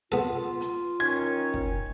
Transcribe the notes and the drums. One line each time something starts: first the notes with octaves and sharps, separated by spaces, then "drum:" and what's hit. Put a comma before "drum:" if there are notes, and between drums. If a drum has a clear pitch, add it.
B3 F4 A4
drum: hi-hat
D#3 C#4 G#6
drum: kick